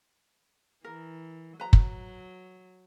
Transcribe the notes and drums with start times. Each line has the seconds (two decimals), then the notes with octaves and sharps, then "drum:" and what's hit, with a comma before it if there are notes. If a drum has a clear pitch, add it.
0.84 E3 A#4
1.60 F#3 B4 A#5
1.73 drum: kick